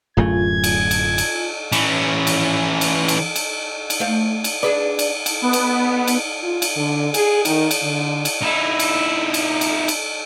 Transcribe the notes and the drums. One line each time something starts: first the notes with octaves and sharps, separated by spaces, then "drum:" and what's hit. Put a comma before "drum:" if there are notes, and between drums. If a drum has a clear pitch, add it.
D1 F#2 A3 F4 G#5 G#6
drum: cymbal
drum: cymbal
drum: cymbal
E3 C#4, drum: cymbal
drum: cymbal
drum: cymbal
drum: cymbal
drum: cymbal
drum: cymbal
A3 C5 F5
drum: cymbal
D4 G#4 B4 D5
drum: cymbal
drum: cymbal
B3
drum: cymbal
drum: cymbal
F4
drum: cymbal
D3
G#4, drum: cymbal
D#3, drum: cymbal
drum: cymbal
D3
drum: cymbal
D#4 E4
drum: cymbal
drum: cymbal
drum: cymbal
drum: cymbal